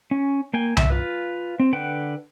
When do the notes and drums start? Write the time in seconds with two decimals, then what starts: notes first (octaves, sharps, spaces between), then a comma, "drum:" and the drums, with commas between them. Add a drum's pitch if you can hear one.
0.11 C#4
0.54 A#3 G5 G#5
0.77 E5, drum: tom C2
0.90 F4 B4
1.60 C4
1.73 D3 B4 F#5 G5